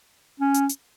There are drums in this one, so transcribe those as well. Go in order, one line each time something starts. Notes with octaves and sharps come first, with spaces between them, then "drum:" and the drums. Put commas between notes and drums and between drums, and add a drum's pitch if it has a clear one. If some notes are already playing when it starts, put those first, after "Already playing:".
C#4
drum: hi-hat
drum: hi-hat